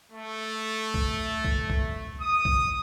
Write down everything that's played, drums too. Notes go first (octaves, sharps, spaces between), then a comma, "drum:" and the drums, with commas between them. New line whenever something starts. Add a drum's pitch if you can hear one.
A3
drum: kick C2
drum: kick C2
drum: kick C2
D#6
drum: kick C2